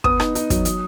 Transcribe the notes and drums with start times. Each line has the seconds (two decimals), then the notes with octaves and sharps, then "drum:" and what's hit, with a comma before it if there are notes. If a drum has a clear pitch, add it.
0.04 B3 D#6, drum: kick
0.20 D#4, drum: rim click
0.35 D#4, drum: hi-hat
0.50 F#3, drum: kick, hi-hat
0.65 F#3, drum: hi-hat